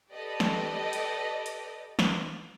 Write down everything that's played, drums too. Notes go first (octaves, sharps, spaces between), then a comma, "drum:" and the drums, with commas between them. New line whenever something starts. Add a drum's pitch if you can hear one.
G4 A4 B4 D5 D#5
drum: snare
drum: hi-hat
drum: hi-hat
drum: snare